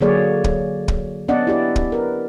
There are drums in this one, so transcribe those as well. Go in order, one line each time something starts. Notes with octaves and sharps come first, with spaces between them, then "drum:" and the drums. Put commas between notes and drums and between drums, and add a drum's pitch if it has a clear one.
D3 F#3 A#3 G#4 C#5 D5
drum: kick
drum: kick
B3 C#4 D4 D5 D#5 F#5
E4 G4 D5
drum: kick
A#4 B4